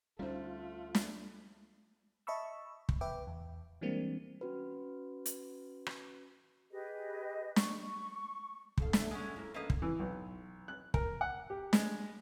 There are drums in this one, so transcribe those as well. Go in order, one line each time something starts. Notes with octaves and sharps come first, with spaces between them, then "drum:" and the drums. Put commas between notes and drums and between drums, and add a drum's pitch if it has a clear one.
D2 G3 A3 C#4 D#4 F4 C5
drum: snare
D#5 E5 A5 B5 C#6 E6
drum: kick
B4 E5 G5 D6
E2
E3 G3 G#3 A#3 C4 D4
C#4 F#4 B4
drum: hi-hat
drum: rim click
G4 G#4 B4 D#5
C#6, drum: snare
D2 A4 F5, drum: kick
E3 A3, drum: snare
D3 G#3 C#4
F2 A#3 E4
D3 F3 A#3 C#4 B4 D#5
drum: kick
E3
B1
F#6
A#4, drum: kick
F#5
G4
G#3, drum: snare